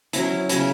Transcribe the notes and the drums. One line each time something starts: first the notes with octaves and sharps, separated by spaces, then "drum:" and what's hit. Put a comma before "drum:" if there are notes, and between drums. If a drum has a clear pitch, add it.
F#3 C#4 E4, drum: hi-hat
C#3 F#3 C#4 E4, drum: hi-hat